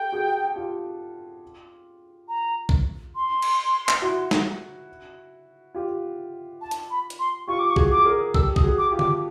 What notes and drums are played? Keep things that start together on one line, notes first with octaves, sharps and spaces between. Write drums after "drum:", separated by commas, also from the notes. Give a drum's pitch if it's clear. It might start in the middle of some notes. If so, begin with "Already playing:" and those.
Already playing: G4 A4 G5
F#4 G#4
F4 G4
A#5
drum: kick
C6
drum: cymbal
drum: clap
E4 F#4
drum: snare
F4 G4
A5
drum: hi-hat
B5
drum: hi-hat
C6
F4 G4 C#6
D6
C#6
F#4 G#4, drum: kick
D6
G#4 A#4
G4 A4 E6, drum: kick
D#6, drum: kick
F#4 G#4
D6
F4 G4
D6, drum: tom D3